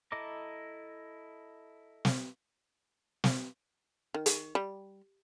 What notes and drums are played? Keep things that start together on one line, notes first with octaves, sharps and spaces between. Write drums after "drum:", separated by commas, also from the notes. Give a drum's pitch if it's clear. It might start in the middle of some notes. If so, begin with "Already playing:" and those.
E4 A4 D#5 A#5 D6
drum: snare
drum: snare
D#3
drum: hi-hat
G3